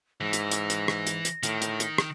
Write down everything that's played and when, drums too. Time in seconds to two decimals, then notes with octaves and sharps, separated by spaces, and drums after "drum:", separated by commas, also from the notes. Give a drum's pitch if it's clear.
0.21 G#2 E3 A#6
0.33 drum: hi-hat
0.52 drum: hi-hat
0.70 drum: hi-hat
0.88 drum: rim click
1.07 drum: hi-hat
1.25 drum: hi-hat
1.43 A2 D#3, drum: hi-hat
1.62 drum: hi-hat
1.80 drum: hi-hat
1.98 drum: rim click